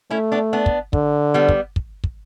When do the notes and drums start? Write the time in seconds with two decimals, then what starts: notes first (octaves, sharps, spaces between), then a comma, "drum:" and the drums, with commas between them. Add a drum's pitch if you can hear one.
0.10 A3 C#4 E4
0.32 B3 D4
0.53 B3 D4
0.66 drum: kick
0.93 D3, drum: kick
1.34 G3 B3
1.49 drum: kick
1.76 drum: kick
2.04 drum: kick